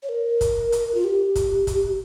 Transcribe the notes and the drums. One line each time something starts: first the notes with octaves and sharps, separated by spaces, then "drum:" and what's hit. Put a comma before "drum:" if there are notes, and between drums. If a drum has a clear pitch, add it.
C#5
A#4
drum: kick, hi-hat
drum: hi-hat
F4
G4
drum: kick, hi-hat
drum: kick, hi-hat